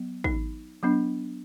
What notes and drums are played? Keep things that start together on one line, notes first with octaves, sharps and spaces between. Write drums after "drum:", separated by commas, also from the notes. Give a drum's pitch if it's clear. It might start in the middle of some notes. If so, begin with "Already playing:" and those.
Already playing: F#3 B3
D#4, drum: kick
F#3 B3 D4